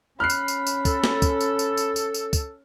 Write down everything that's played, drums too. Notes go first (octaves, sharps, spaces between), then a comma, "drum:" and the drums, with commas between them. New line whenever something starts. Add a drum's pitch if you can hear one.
C#4 B5 F6 F#6 C7
drum: tambourine
drum: tambourine
drum: tambourine
A4, drum: kick, tambourine
drum: snare
drum: kick, tambourine
drum: tambourine
drum: tambourine
drum: tambourine
drum: tambourine
drum: tambourine
drum: kick, tambourine